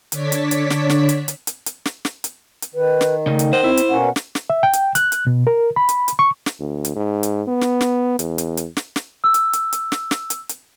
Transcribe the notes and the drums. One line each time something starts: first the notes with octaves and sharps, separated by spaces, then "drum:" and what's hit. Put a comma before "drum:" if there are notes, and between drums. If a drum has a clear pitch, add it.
D3 D4 C#5 D5 B6, drum: hi-hat
drum: hi-hat
drum: hi-hat
drum: snare
drum: snare
drum: hi-hat
drum: hi-hat
drum: hi-hat
drum: hi-hat
drum: snare
drum: snare
drum: hi-hat
drum: hi-hat
D#3 B4
drum: snare
C#3 A3 D#4
drum: hi-hat
C5 D#5 F#5
C4 E4
drum: hi-hat
B2 A#3 C#4 F#5
drum: snare
drum: snare
E5
G5
drum: hi-hat
F#6, drum: hi-hat
drum: hi-hat
B2
A#4
B5
drum: hi-hat
drum: hi-hat
C#6
drum: snare
D2
drum: hi-hat
G#2
drum: hi-hat
B3
drum: snare
drum: snare
E2, drum: hi-hat
drum: hi-hat
drum: hi-hat
drum: snare
drum: snare
E6
drum: hi-hat
drum: hi-hat
drum: hi-hat
drum: snare
drum: snare
drum: hi-hat
drum: hi-hat